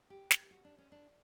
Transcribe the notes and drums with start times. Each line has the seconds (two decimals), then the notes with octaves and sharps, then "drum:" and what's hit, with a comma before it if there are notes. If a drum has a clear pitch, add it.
0.10 G4
0.31 drum: snare
0.51 F#4
0.65 D4
0.78 C#4
0.92 D4